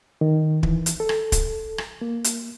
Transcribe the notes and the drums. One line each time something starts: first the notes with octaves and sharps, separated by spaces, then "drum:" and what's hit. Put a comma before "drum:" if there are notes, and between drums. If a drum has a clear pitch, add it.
D#3
E3, drum: kick
drum: hi-hat
A4
drum: rim click
drum: kick, hi-hat
drum: rim click
A#3
drum: hi-hat